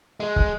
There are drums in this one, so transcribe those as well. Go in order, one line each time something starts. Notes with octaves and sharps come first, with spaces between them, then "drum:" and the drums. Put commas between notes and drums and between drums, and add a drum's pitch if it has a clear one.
G#3
drum: kick